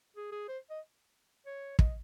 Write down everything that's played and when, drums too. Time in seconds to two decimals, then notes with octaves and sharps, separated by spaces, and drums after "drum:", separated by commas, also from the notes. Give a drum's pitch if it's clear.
0.16 G#4
0.32 G#4
0.48 C5
0.70 D#5
1.46 C#5
1.79 D#5, drum: kick